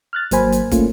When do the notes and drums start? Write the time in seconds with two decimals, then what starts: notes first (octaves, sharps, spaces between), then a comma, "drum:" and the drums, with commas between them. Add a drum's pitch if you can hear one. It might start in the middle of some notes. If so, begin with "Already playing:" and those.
0.13 F6 F#6 A6
0.31 G#1 F#3 A#3 C5 G#5 B5, drum: hi-hat
0.52 drum: hi-hat
0.71 A3 A#3 C#4 F4, drum: kick, hi-hat